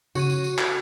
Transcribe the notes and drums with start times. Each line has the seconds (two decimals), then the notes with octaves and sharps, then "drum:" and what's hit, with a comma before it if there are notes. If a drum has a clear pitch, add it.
0.15 C#3 F#4 C#5 D#7, drum: tambourine
0.30 drum: tambourine
0.44 drum: tambourine
0.58 drum: clap